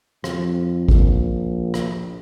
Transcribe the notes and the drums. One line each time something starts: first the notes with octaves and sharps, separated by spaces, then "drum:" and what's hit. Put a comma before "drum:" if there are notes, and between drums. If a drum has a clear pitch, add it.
F2, drum: rim click
A#1, drum: kick G#1
drum: rim click